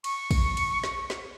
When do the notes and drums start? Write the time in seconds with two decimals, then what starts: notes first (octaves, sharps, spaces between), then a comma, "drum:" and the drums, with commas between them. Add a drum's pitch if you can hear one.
0.04 C#6, drum: cymbal
0.31 drum: kick, cymbal
0.57 drum: cymbal
0.84 drum: snare
1.10 drum: snare